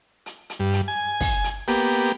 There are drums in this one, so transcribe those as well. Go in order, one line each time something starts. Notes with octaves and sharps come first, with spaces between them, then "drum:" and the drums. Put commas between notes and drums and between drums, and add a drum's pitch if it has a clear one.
drum: hi-hat
drum: hi-hat
G2
drum: hi-hat
G#5
drum: kick, open hi-hat
drum: hi-hat
A#3 B3 G4, drum: hi-hat